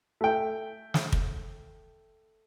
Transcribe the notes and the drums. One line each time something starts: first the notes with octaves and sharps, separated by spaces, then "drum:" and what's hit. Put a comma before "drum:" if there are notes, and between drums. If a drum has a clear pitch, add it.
A3 G5
drum: snare
drum: kick